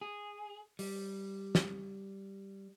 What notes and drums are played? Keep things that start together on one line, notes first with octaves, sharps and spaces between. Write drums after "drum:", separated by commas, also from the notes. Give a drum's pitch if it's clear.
G#4
G3, drum: open hi-hat
drum: snare